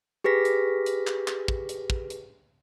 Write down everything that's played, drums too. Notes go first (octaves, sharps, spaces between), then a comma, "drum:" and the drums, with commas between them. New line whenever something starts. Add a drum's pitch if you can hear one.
G4 G#4 B4 A#6 B6
drum: hi-hat
drum: hi-hat
drum: clap
drum: clap
drum: kick
drum: hi-hat
drum: kick
drum: hi-hat